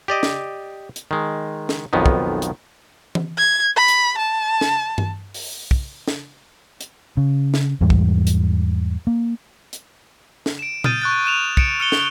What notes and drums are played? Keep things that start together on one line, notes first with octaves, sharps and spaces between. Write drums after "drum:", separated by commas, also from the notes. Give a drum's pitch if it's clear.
G4 D5 D#5
drum: snare
drum: hi-hat
D#3 G#3
drum: snare
B1 F2 D#3 B3
drum: kick
drum: hi-hat
drum: tom
G#6
B5
drum: hi-hat
A5
drum: snare
drum: tom G2
drum: open hi-hat
drum: kick
drum: snare
drum: hi-hat
C#3
drum: snare
E2 G#2 E3 G3
drum: kick
drum: hi-hat
A#3
drum: hi-hat
drum: snare
D7 E7
D#6 F6 G6 A6 D#7, drum: tom A#2
C#6 F#6 A6
F#6 E7 F7
C#7 D7 E7, drum: kick
F6 C#7 G7
drum: snare